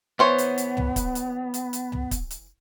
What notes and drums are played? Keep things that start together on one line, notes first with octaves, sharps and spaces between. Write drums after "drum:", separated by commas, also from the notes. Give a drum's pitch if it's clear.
E3 B3 C5 C#5
drum: hi-hat
drum: hi-hat
drum: tom
drum: kick, hi-hat
drum: hi-hat
drum: hi-hat
drum: hi-hat
drum: tom
drum: kick, hi-hat
drum: hi-hat